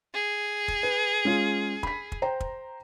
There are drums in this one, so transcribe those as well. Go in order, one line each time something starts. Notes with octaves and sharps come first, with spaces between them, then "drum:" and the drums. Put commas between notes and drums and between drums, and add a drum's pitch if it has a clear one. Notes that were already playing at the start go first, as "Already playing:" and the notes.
G#4
drum: kick
B4
G#3 C#4 F4
B5 B6, drum: kick
drum: kick
C5 G5 A#5
drum: kick